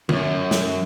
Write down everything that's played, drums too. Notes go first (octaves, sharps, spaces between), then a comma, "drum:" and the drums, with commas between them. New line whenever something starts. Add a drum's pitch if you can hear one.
C2 F#2, drum: tom D3
drum: snare